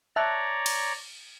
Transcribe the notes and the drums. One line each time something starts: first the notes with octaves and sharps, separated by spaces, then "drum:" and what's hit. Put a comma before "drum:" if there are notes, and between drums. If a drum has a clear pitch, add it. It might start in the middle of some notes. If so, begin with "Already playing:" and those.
C#5 D5 E5 A5 A#5 F#6
drum: cymbal